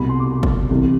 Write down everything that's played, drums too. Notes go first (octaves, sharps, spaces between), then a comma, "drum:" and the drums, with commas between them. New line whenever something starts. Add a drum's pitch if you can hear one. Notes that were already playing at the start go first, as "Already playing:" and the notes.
Already playing: C2 B2 B5
C6
D6
drum: kick
C2 C3 E3